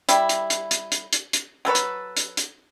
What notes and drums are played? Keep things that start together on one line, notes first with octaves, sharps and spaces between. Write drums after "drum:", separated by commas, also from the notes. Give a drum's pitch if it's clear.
G3 E4, drum: hi-hat
drum: hi-hat
drum: hi-hat
drum: hi-hat
drum: hi-hat
drum: hi-hat
drum: hi-hat
F#3 A4 B4 C#5
drum: hi-hat
drum: hi-hat
drum: hi-hat